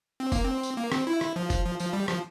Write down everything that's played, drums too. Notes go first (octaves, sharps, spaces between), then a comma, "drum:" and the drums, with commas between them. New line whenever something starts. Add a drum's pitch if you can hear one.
C4
A#3, drum: kick, tambourine
C4
drum: tambourine
A#3
C4, drum: rim click
E4
drum: rim click
F3
drum: kick, tambourine
F3
F3, drum: tambourine
G3
F3, drum: rim click